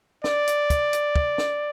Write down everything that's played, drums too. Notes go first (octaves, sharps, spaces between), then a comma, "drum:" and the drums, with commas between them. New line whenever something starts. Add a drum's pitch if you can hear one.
D5, drum: snare
drum: hi-hat
drum: kick, hi-hat
drum: hi-hat
drum: kick
drum: snare